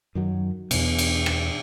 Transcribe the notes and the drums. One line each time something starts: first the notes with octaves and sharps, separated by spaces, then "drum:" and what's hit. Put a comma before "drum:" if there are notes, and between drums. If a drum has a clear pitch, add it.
F#2 D#3 F#3
E2 B2, drum: cymbal
drum: cymbal
drum: rim click